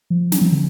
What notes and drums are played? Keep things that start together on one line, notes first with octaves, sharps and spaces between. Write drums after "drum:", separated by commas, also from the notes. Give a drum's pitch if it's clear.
F3
F#3, drum: snare
F3
D3